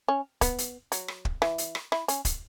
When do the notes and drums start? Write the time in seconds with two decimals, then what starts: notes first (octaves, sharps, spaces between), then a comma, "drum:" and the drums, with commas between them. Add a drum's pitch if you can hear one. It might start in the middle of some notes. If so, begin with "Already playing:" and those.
0.08 C#4
0.41 B3, drum: kick, hi-hat
0.58 drum: hi-hat
0.92 F#3, drum: hi-hat
1.08 drum: rim click
1.25 drum: kick
1.42 E3, drum: rim click
1.58 drum: hi-hat
1.75 drum: rim click
1.92 E4, drum: rim click
2.08 C#4, drum: hi-hat
2.25 drum: kick, hi-hat